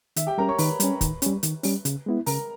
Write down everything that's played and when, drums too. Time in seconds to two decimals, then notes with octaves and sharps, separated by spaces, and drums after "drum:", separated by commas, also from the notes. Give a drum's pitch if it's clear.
0.16 D#3 E5, drum: hi-hat
0.27 G4 G5
0.38 G3 C#4 A#4 A#5
0.48 C#5 C#6
0.58 D#3 B4 B5, drum: open hi-hat
0.80 G3 C#4, drum: hi-hat
1.01 D#3, drum: kick, hi-hat
1.22 G3 C#4, drum: hi-hat
1.43 D#3, drum: hi-hat
1.63 G3 C#4, drum: open hi-hat
1.85 C#3, drum: hi-hat
2.06 G#3 B3 E4
2.26 C#3 A#4 A#5, drum: open hi-hat